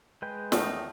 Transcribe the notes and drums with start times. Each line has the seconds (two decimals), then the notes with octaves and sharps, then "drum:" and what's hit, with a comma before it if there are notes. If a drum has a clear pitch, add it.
0.22 G#3 B4 G5
0.52 E2 A2 D#3 A3 D#4, drum: snare